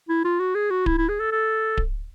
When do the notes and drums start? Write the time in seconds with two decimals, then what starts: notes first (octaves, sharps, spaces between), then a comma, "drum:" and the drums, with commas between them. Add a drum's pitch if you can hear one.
0.09 E4
0.24 F4
0.40 F#4
0.55 G#4
0.70 F#4
0.86 E4, drum: kick D1
0.98 E4
1.09 G#4
1.20 A4
1.31 A4
1.77 drum: kick D1